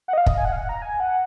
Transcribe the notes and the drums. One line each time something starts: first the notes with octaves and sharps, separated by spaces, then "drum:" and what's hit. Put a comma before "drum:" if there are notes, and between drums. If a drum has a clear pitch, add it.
F#5
D#5
F5
D#5, drum: kick
G#5
F#5
F5
F#5
A#5
G#5
F#5